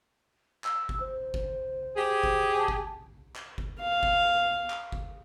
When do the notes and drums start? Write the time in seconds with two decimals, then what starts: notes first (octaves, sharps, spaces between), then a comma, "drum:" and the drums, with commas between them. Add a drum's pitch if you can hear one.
0.64 E6, drum: clap
0.89 drum: kick G1
1.00 C5
1.34 drum: kick G1
1.97 G4 G#4
2.24 drum: kick G1
2.58 A5
2.68 drum: kick G1
3.36 drum: clap
3.58 drum: kick G1
3.80 F5
4.03 drum: kick G1
4.70 drum: clap
4.92 drum: kick G1